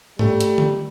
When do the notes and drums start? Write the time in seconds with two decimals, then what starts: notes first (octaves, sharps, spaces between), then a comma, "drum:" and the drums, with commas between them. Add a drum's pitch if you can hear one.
0.19 G3 A3, drum: tom G#2
0.41 drum: hi-hat
0.58 drum: tom D3